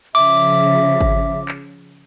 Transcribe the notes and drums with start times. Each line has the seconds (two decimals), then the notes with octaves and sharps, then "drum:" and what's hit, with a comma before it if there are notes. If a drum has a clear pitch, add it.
0.15 C#3 F3 E5 D6, drum: cymbal
1.01 drum: kick G#1
1.48 drum: clap